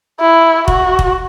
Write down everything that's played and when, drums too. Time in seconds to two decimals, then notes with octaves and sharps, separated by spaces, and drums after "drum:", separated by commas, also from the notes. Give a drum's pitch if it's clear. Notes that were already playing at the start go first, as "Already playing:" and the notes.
0.20 E4
0.68 F#4, drum: kick
0.99 drum: kick